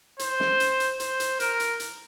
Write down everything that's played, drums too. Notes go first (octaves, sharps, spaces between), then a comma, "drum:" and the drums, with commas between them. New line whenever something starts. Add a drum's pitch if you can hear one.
C5, drum: hi-hat
drum: snare
drum: hi-hat
drum: hi-hat
C5, drum: hi-hat
drum: hi-hat
A#4, drum: hi-hat
drum: hi-hat
drum: hi-hat